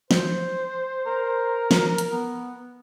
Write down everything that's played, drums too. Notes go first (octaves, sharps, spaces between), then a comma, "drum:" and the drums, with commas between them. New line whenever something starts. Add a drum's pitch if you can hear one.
C5, drum: snare
A#4
drum: snare
drum: hi-hat
B3